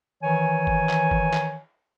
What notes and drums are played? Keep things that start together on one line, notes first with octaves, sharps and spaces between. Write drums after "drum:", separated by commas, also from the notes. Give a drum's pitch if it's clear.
D#3 E3 C#5 G#5
drum: kick G1
drum: clap
drum: kick G1
drum: clap